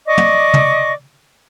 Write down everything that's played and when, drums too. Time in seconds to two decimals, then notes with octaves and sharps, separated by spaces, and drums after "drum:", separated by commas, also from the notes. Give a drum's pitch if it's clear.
0.06 D5 D#5 C#6 D6
0.17 drum: tom
0.54 drum: tom